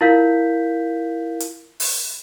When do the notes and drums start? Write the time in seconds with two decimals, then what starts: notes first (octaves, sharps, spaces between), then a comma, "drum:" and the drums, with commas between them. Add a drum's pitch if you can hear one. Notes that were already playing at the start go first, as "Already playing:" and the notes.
0.01 E4 F4 A#4 F5 G6 B6
1.40 drum: hi-hat
1.80 drum: open hi-hat